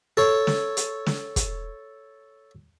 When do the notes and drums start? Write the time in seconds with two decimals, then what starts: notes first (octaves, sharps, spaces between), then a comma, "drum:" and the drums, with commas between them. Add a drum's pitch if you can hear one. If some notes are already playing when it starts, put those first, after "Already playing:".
0.17 A4 C#5
0.47 drum: snare
0.77 drum: hi-hat
1.06 drum: snare
1.36 drum: kick, hi-hat